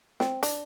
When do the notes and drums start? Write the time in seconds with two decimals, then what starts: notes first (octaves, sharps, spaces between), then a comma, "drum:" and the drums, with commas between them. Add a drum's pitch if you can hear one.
0.20 C4, drum: snare
0.43 D4, drum: hi-hat